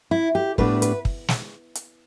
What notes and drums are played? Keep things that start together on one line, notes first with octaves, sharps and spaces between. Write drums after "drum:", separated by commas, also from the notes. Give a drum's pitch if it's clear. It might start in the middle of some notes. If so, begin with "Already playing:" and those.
E4
G4
A2 G3 B3 D4 B4, drum: kick
B4, drum: hi-hat
drum: kick
drum: snare
drum: hi-hat